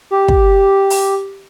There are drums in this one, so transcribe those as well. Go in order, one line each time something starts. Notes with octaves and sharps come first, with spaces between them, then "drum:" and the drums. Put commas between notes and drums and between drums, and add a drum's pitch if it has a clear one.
G4
drum: kick
drum: open hi-hat